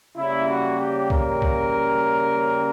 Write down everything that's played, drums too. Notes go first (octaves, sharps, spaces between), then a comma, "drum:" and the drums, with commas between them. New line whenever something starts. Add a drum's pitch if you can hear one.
C#3 G3 A#3 C#4 E4
F#4
G4
A#4, drum: kick B1
drum: kick B1